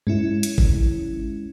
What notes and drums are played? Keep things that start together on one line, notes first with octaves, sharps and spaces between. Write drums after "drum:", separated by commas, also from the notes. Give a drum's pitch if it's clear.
G#3 C#4 E4, drum: tom G2
drum: hi-hat
drum: kick